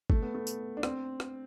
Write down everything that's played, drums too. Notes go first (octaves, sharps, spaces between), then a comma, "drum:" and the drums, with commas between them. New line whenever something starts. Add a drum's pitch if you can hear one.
A3, drum: kick G1
B3
A3
drum: tambourine
D4
C4, drum: rim click
drum: rim click